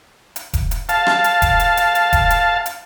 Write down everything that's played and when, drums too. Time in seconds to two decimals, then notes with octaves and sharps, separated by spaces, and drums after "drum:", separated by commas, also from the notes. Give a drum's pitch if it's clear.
0.36 drum: hi-hat
0.53 drum: kick E1, hi-hat
0.71 drum: hi-hat
0.89 F5 A5, drum: hi-hat
1.07 drum: rim click
1.24 drum: hi-hat
1.42 drum: kick E1, hi-hat
1.60 drum: hi-hat
1.77 drum: hi-hat
1.95 drum: hi-hat
2.13 drum: kick E1, hi-hat
2.30 drum: hi-hat
2.66 drum: hi-hat